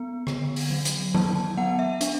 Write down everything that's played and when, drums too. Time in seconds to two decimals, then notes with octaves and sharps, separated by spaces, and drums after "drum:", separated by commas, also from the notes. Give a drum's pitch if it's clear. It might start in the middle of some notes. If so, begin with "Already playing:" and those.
Already playing: B3
0.27 D3, drum: rim click
0.56 drum: open hi-hat
0.70 F#3
0.85 drum: hi-hat
1.14 F#3 A5, drum: tom D#3
1.35 A5
1.57 B3 F#5
1.79 E5
2.01 D4, drum: hi-hat